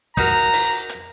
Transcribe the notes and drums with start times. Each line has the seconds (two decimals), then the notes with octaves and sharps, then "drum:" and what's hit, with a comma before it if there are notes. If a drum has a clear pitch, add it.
0.17 D#4 F#4 A#4 A#5, drum: kick, open hi-hat
0.53 drum: open hi-hat
0.89 drum: hi-hat